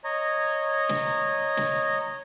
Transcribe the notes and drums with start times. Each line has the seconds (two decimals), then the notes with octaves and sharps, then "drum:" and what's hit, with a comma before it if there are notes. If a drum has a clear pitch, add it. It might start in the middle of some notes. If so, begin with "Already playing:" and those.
0.04 C#5 D#5 A#5
0.89 drum: snare
1.57 drum: snare